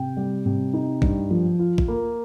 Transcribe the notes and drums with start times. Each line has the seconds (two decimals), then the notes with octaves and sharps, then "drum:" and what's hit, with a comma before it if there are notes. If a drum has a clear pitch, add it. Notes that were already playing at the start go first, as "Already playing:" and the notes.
Already playing: C3 G5
0.17 G3
0.46 C3
0.74 D#4
1.02 G2, drum: kick
1.31 F3
1.59 F4
1.78 drum: kick
1.88 A#3